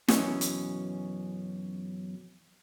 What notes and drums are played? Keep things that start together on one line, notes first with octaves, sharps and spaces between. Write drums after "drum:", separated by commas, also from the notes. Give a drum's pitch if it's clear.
F#2 B2 E3 C#4, drum: snare
drum: hi-hat